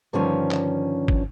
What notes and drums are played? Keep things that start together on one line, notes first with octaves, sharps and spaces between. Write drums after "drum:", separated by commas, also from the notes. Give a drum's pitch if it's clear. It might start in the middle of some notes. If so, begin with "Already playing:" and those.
G2 D3 D#3 F3 C#4
drum: clap
drum: kick